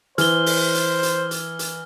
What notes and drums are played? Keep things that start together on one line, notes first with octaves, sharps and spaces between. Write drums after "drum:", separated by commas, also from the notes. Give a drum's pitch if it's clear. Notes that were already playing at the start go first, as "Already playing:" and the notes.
E3 C5 F6 G7, drum: hi-hat
drum: open hi-hat
drum: hi-hat
drum: hi-hat
drum: hi-hat
drum: hi-hat